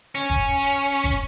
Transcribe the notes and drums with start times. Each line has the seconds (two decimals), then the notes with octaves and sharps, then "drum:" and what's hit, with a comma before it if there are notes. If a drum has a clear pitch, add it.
0.15 C#4
0.30 drum: kick F1
1.04 drum: kick F1